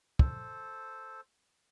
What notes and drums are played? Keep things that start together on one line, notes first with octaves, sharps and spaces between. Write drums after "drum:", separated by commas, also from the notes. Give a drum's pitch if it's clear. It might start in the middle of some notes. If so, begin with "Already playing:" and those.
A4 C5, drum: kick